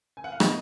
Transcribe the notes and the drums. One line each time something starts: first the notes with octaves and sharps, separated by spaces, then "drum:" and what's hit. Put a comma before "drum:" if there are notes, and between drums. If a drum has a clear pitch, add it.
G#5
F#5
F5
B2 D#5, drum: rim click